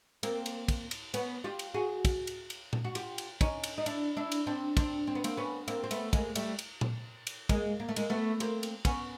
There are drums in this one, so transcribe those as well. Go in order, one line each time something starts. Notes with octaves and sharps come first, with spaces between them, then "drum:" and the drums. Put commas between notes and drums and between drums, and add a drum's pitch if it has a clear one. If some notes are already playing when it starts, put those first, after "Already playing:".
A#3 C4, drum: cymbal
drum: cymbal
drum: kick, cymbal
drum: cymbal
B3 C#4, drum: cymbal
F4 G4
drum: cymbal
F#4 G#4
drum: kick, cymbal
drum: cymbal
drum: cymbal
drum: tom A#2
F#4
F4 G4, drum: cymbal
drum: cymbal
C#4 D#4, drum: kick, cymbal
drum: cymbal
D#4
D4 E4, drum: cymbal
D4 E4
drum: cymbal
C4 D4
C4 D4, drum: kick, cymbal
C4
B3
A#3 C4, drum: cymbal
B3 C#4
A#3 C4, drum: cymbal
C4
A3 B3, drum: cymbal
G#3 A#3, drum: kick, cymbal
G3 A3, drum: cymbal
drum: cymbal
drum: tom A#2
drum: cymbal
G#3 A#3, drum: kick, cymbal
A#3
A3
G#3 A#3, drum: cymbal
A3 B3
A#3 C4, drum: cymbal
drum: cymbal
B3 C#4, drum: kick, cymbal